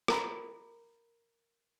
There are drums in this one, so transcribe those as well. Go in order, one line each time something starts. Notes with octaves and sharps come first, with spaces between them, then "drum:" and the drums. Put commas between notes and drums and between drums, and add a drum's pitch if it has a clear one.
A#4 A#5 B5, drum: rim click